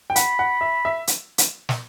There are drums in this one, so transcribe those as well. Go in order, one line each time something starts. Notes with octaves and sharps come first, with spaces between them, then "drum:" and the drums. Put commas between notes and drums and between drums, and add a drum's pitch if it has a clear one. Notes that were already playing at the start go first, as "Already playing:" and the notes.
G5
F#5 B5, drum: hi-hat
F#5
E5
E5
drum: hi-hat
drum: hi-hat
drum: snare